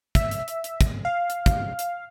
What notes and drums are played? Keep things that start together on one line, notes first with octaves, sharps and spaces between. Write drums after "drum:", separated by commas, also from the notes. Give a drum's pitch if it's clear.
E5, drum: kick, hi-hat
drum: hi-hat
drum: hi-hat
drum: hi-hat
drum: kick, hi-hat
F5
drum: hi-hat
drum: kick, hi-hat
drum: hi-hat